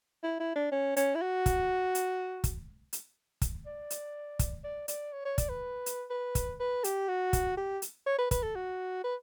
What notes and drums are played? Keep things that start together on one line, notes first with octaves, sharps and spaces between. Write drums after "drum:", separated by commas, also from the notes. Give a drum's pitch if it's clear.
E4
E4
D4
C#4
C#4, drum: hi-hat
E4
F#4
drum: kick, hi-hat
drum: hi-hat
drum: kick, hi-hat
drum: hi-hat
drum: kick, hi-hat
D5
drum: hi-hat
drum: kick, hi-hat
D5
D5, drum: hi-hat
C#5
C#5
D5, drum: kick, hi-hat
B4
drum: hi-hat
B4
drum: kick, hi-hat
B4
G4, drum: hi-hat
F#4
drum: kick, hi-hat
G4
drum: hi-hat
C#5
B4
B4, drum: kick, hi-hat
A4
F#4
B4